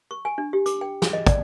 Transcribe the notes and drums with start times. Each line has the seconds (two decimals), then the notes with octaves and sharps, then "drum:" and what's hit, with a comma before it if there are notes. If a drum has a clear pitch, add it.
0.11 C#6
0.25 G#5
0.38 D4
0.53 G4
0.66 D6, drum: hi-hat
0.81 G5
1.02 G#4, drum: snare
1.13 D#5
1.27 D5, drum: kick, hi-hat